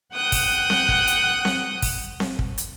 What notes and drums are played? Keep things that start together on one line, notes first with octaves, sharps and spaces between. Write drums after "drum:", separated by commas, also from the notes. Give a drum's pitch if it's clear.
F#5 G5 D#6 F#6
drum: kick, open hi-hat
drum: snare C4
drum: kick
drum: hi-hat
drum: snare C4
drum: kick, open hi-hat
drum: snare C4
drum: kick
drum: hi-hat